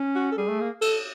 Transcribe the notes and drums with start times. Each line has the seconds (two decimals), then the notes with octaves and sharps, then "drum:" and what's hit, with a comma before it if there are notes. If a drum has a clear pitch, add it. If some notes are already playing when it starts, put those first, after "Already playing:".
Already playing: C#4
0.15 F#4
0.32 A4
0.38 G3 G#4
0.48 A3
0.61 A#3
0.82 A4, drum: cymbal